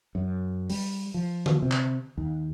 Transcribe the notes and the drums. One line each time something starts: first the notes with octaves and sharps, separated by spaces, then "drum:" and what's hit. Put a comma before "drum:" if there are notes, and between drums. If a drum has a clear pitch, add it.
F#2
G3, drum: open hi-hat
F3
drum: tom D3
C3
drum: clap
D#2